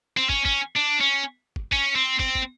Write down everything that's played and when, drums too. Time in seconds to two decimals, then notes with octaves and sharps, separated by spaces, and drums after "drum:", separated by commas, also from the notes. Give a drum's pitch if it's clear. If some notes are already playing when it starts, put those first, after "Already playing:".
0.17 C4
0.30 C#4, drum: kick
0.45 C#4, drum: kick
0.77 D4
1.01 C#4
1.56 drum: kick
1.72 C#4, drum: kick
1.96 C4
2.19 C4, drum: kick
2.35 drum: kick